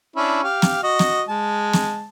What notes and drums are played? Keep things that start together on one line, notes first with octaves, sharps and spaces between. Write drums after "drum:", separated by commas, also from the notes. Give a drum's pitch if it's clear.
C#4 D4 E4
G4 F5
drum: snare
F#4 D#5
drum: snare
G#3 A5
drum: snare